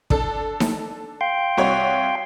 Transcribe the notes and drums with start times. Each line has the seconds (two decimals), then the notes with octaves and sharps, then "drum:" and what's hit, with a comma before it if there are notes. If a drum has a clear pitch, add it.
0.10 D4 A4, drum: kick
0.60 drum: snare D#4
1.21 F5 G5 C6
1.58 C2 F#4 C#5